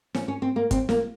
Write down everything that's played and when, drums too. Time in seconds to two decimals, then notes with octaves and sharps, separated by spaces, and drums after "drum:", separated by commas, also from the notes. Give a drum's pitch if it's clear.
0.15 C#4, drum: snare
0.28 C#4
0.42 C4
0.56 A#3
0.71 C4, drum: kick, hi-hat
0.89 A#3, drum: snare